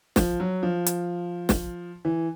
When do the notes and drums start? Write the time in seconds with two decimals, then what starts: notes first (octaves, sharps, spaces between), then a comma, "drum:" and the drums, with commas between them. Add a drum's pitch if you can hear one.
0.16 F3, drum: snare
0.40 F#3
0.63 F3
0.86 drum: hi-hat
1.49 drum: snare
2.05 E3